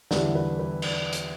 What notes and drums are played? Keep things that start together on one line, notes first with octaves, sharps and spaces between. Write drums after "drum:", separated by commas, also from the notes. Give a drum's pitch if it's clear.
E2 D3 G3 E4 D5, drum: snare
B4
B4
D5, drum: cymbal
drum: hi-hat